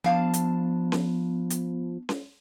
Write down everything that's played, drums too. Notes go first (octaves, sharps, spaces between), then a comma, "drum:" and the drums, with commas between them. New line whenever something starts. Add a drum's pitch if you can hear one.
F3 B3 D4 F5 A5
drum: hi-hat
drum: snare C#4
drum: hi-hat
drum: snare C#4